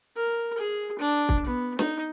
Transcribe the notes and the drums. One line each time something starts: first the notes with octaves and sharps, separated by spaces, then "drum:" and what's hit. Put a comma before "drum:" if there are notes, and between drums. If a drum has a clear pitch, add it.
A#4
G#4
D4
drum: kick
B3
D#4, drum: snare